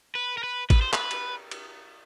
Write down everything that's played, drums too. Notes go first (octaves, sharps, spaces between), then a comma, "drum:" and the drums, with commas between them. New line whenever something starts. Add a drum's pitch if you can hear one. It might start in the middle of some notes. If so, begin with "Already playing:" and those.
B4
A#4
B4
B4, drum: kick G#1, cymbal
C5
B4, drum: clap
drum: cymbal
drum: cymbal